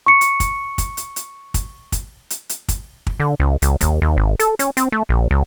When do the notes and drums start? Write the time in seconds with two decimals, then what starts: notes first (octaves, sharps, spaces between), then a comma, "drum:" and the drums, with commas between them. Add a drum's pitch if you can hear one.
0.06 C#6 C#7
0.21 drum: hi-hat
0.40 drum: kick, hi-hat
0.78 drum: kick, hi-hat
0.97 drum: hi-hat
1.16 drum: hi-hat
1.54 drum: kick, hi-hat
1.92 drum: kick, hi-hat
2.30 drum: hi-hat
2.49 drum: hi-hat
2.68 drum: kick, hi-hat
3.07 drum: kick
3.20 D3
3.40 C#2
3.62 C#2, drum: hi-hat
3.81 D#2, drum: kick, hi-hat
4.02 D#2
4.17 G#1
4.39 A4, drum: hi-hat
4.59 C#4, drum: hi-hat
4.77 C4, drum: hi-hat
4.92 A3
5.09 A#1
5.31 C#2